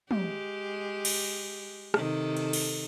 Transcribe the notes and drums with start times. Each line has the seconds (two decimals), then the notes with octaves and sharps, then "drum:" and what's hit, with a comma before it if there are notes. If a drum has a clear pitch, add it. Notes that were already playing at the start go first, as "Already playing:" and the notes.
0.11 G#3 G4, drum: tom
1.05 drum: cymbal
1.94 C3 D#3 A4, drum: rim click
2.37 drum: cymbal
2.53 drum: cymbal